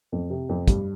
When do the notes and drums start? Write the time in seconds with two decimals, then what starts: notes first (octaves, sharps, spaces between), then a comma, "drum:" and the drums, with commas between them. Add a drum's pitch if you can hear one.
0.12 F2
0.30 C3
0.49 F2
0.68 G2, drum: kick, hi-hat